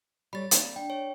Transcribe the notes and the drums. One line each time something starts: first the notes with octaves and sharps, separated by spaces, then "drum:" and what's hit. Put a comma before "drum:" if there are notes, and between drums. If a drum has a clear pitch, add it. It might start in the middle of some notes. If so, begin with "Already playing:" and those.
G3 A4 C#5 B5 A6
A#3 C4 D5, drum: hi-hat
D4 G5
C#5